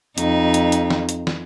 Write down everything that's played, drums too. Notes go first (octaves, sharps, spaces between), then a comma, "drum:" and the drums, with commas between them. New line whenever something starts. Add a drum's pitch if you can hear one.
F2 D#4, drum: hi-hat
drum: hi-hat
drum: hi-hat
drum: snare
drum: hi-hat
drum: snare